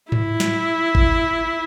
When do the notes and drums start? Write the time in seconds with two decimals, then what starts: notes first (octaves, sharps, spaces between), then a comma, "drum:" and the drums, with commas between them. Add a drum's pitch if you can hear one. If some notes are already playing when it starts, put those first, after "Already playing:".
0.12 E4, drum: tom G#2
0.40 drum: snare
0.95 drum: kick G#1